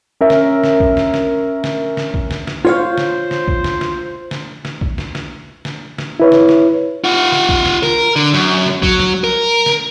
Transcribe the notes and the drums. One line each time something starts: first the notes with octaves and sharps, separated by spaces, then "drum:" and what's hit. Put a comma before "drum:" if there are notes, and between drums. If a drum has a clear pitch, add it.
C#4 A#4 E5
drum: snare
drum: snare
drum: kick A#1
drum: snare
drum: snare
drum: snare
drum: snare
drum: kick A#1
drum: snare
drum: snare
F4 C5 C#5 F5
drum: snare
drum: snare
drum: kick A#1
drum: snare
drum: snare
drum: snare
drum: snare
drum: kick A#1
drum: snare
drum: snare
drum: snare
drum: snare
E4 B4 C#5
drum: snare
drum: snare
F4 F#5
drum: snare
drum: kick A#1
drum: snare
A#4, drum: snare
D3
F#2, drum: snare
drum: snare
F#3, drum: kick A#1
drum: snare
A#4
drum: snare